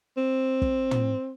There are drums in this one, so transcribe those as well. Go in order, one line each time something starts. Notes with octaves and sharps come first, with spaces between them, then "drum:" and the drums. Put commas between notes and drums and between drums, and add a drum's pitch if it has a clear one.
C4
drum: kick
drum: tom